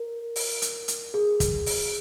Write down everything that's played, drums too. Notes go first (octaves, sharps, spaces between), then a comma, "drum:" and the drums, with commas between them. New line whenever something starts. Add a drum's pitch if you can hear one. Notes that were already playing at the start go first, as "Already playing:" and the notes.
Already playing: A#4
drum: open hi-hat
drum: hi-hat
drum: hi-hat
G#4
drum: kick, hi-hat
drum: open hi-hat